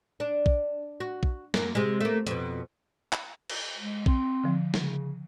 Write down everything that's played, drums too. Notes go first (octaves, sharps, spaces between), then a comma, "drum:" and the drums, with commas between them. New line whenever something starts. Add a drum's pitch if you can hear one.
D4
drum: kick A#1
F#4
drum: kick A#1
F#2 A#3, drum: snare
C3 G#3
A3 A#3
F2 B2, drum: hi-hat
drum: clap
drum: cymbal
G#3
C4, drum: kick A#1
D3 F3
C#3, drum: snare